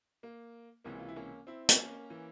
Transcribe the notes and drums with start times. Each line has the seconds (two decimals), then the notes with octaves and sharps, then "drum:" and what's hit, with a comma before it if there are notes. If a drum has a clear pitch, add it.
0.23 A#3
0.84 C#2 C3 E3 A#3 C#4
0.99 F4
1.08 E4
1.16 A#3 C#4
1.47 C4 E4
1.69 drum: hi-hat
1.79 A#3 C#4
2.10 E3